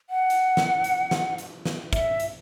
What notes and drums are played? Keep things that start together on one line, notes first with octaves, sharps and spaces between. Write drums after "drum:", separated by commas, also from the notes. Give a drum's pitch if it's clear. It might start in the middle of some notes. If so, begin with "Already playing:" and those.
F#5
drum: hi-hat
drum: snare
drum: hi-hat
drum: snare
drum: hi-hat
drum: snare
E5, drum: kick, hi-hat
drum: hi-hat